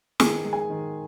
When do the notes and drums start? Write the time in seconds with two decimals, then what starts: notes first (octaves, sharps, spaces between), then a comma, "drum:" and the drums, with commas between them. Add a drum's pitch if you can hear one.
0.20 D#3 G#4 G#5, drum: snare
0.45 G#3
0.53 G#4 G#5
0.70 D#3